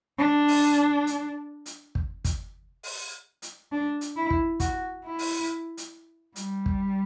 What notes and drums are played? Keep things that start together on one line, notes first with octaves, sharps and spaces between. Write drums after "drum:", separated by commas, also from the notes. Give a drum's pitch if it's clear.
D4
drum: open hi-hat
drum: hi-hat
drum: hi-hat
drum: kick
drum: kick, hi-hat
drum: open hi-hat
drum: hi-hat
D4
drum: hi-hat
E4
drum: kick
F#4, drum: kick, hi-hat
E4
drum: open hi-hat
drum: hi-hat
G3, drum: hi-hat
drum: kick